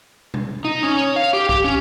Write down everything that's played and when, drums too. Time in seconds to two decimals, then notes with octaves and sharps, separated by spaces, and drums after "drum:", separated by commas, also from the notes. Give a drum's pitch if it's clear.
0.34 drum: tom
0.65 D#4
0.83 C#4
0.97 C#5
1.16 F5
1.33 G4
1.49 G4, drum: kick
1.64 C#4